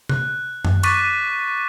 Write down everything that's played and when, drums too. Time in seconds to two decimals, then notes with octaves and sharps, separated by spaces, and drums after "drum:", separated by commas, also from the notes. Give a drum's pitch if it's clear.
0.09 F#6, drum: tom C3
0.65 drum: tom F#2
0.83 C#6 D6 F#6 A6 B6 D#7, drum: cymbal